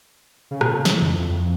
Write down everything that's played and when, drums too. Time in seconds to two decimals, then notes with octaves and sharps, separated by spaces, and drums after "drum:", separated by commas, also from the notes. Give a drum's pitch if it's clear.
0.51 C#3
0.61 A#2, drum: rim click
0.68 C#3
0.85 E3, drum: snare
1.02 F2
1.20 F2